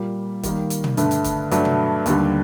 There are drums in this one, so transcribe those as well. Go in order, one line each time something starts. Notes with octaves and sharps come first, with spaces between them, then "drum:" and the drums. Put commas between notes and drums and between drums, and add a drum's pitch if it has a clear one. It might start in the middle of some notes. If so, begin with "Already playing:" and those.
Already playing: A#2 G3 A#3
D#3 G3 A#3, drum: kick, hi-hat
drum: hi-hat
drum: tom
G2 D3 A3, drum: hi-hat
drum: hi-hat
drum: kick, hi-hat
G2 F#3 A3 D4, drum: hi-hat
drum: tom
D#2 D3 G3, drum: hi-hat